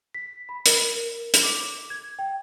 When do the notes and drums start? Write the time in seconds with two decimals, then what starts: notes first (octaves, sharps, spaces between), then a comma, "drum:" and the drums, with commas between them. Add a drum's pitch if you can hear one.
0.14 B6
0.49 B5
0.66 A#4, drum: hi-hat
0.97 A#4
1.34 drum: hi-hat
1.43 D6
1.90 G#6
2.19 G5